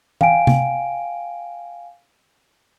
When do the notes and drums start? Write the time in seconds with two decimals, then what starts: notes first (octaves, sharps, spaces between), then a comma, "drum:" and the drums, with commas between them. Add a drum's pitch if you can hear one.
0.21 F5 G5 G#5 D7, drum: tom E3
0.47 drum: tom C3